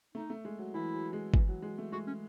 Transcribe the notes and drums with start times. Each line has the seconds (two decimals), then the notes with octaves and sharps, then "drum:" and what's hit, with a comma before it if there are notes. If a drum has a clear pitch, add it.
0.15 A3 D#4
0.30 A3
0.45 G#3
0.59 F#3
0.74 E3 E4
0.94 F#3
1.13 G#3
1.34 E3, drum: kick G1
1.48 F#3
1.62 G#3
1.78 A3
1.92 G#3 F#4
2.07 C#4